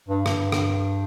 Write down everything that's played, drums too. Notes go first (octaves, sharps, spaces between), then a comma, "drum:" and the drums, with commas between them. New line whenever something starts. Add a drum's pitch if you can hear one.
G2
G2, drum: rim click
drum: rim click